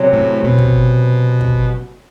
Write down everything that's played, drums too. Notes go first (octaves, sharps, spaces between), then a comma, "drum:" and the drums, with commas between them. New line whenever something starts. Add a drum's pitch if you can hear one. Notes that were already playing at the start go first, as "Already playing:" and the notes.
Already playing: E2 C3 F#3 C4
A2
B2
drum: kick
drum: kick